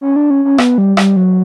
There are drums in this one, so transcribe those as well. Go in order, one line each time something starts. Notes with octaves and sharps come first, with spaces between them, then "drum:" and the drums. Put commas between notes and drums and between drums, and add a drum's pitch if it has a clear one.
C#4
D4
C#4
C#4
B3, drum: rim click
G3
G3, drum: rim click
F#3